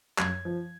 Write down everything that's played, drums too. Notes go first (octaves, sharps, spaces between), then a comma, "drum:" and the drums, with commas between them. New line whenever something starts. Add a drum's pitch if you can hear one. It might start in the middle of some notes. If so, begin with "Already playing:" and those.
F#2 G#6, drum: clap
F3